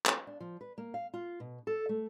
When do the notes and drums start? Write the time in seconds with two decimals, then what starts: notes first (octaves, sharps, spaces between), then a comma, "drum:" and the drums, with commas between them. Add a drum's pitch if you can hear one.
0.06 drum: clap
0.27 D4
0.40 F3
0.61 B4
0.78 A#3
0.94 F5
1.14 F4
1.40 B2
1.67 A4
1.89 A3